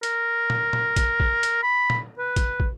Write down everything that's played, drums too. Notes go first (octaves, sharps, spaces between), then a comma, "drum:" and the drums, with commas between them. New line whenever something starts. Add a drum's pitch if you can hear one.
A#4, drum: hi-hat
drum: tom
drum: tom
drum: kick, hi-hat
drum: kick
drum: hi-hat
B5
drum: tom
B4
drum: kick, hi-hat
drum: kick